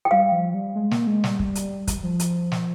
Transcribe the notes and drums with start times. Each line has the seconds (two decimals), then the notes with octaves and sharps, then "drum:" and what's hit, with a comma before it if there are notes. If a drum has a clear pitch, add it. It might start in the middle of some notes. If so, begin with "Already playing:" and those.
0.05 G5
0.11 G3 F5
0.32 F3
0.54 G3
0.75 G#3
0.91 A#3, drum: snare
1.07 G#3
1.24 G3, drum: snare
1.39 drum: kick
1.55 drum: hi-hat
1.87 drum: kick, hi-hat
2.03 F3
2.20 drum: hi-hat
2.52 drum: snare